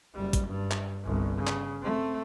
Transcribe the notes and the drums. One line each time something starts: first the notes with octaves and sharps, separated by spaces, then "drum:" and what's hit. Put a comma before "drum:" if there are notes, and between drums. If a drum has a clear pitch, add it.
F#1 G3
drum: kick, hi-hat
G2
drum: clap
G1 C2
C#3
drum: clap
A3 C4